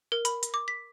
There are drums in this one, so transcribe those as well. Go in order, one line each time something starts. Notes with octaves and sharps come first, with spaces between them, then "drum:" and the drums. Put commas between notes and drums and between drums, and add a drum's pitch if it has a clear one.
A#4
B5, drum: hi-hat
drum: hi-hat
D6
B6